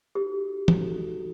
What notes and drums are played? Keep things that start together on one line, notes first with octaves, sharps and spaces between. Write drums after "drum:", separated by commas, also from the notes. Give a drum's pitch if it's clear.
D#4 F#4 G4 A4
D#4 F#4 A4, drum: tom